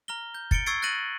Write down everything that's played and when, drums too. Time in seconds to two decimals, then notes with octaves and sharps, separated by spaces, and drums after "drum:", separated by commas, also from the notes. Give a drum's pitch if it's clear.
0.08 A#5 F6 A#6 G7
0.34 G6
0.51 A6 C#7 D7 G7, drum: kick
0.66 C#6 E6 G#6 A6 C7 D7
0.82 F#6 A6 A#6 D#7 F#7